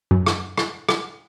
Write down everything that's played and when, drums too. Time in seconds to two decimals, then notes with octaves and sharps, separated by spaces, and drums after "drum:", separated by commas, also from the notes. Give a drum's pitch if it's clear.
0.11 F#2
0.26 drum: rim click
0.58 drum: rim click
0.89 drum: rim click